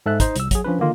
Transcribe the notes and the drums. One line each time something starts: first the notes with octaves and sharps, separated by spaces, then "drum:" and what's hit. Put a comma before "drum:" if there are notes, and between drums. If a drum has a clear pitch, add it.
G#2 A4 E5 F#6
D#4 C5, drum: kick, hi-hat
C2 E6, drum: hi-hat
F#3 G#4, drum: kick, hi-hat
F3 C#4 D4 B4
D3 D#3 A#3 F4